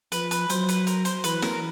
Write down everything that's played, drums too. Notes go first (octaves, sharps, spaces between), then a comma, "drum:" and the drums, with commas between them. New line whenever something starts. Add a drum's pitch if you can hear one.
F3 B4, drum: hi-hat
B4, drum: hi-hat
F#3 C5, drum: hi-hat
B4, drum: hi-hat
A#4, drum: hi-hat
C5, drum: hi-hat
E3 B4, drum: hi-hat
A#4, drum: snare